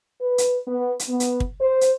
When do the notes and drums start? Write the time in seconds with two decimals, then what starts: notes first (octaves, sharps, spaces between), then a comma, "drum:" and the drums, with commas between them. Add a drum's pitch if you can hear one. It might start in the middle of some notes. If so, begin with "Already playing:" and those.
0.21 B4
0.38 drum: hi-hat
0.67 B3
0.99 drum: hi-hat
1.09 B3
1.20 drum: hi-hat
1.40 drum: kick
1.61 C5
1.81 drum: hi-hat